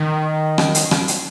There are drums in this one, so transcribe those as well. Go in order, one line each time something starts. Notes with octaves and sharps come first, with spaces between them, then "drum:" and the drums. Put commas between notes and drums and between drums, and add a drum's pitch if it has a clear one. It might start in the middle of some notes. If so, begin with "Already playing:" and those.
Already playing: D#3
drum: rim click
drum: hi-hat
drum: rim click
drum: hi-hat